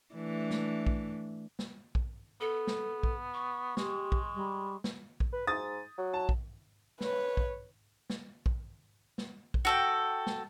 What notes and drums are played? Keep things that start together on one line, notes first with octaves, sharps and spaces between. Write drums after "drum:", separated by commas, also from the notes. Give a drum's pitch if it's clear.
E3 A3 D4
drum: snare
drum: kick A#1
drum: snare
drum: kick A#1
B3 A4
drum: snare
drum: kick A#1
C#6
G#3 G4, drum: snare
drum: kick A#1
G3
drum: snare
drum: kick A#1
B4
G#2 D#6 A6
F#3
A5
drum: kick A#1
B4 C#5, drum: snare
drum: kick A#1
drum: snare
drum: kick A#1
drum: snare
drum: kick A#1
F#4 A4 G5
drum: snare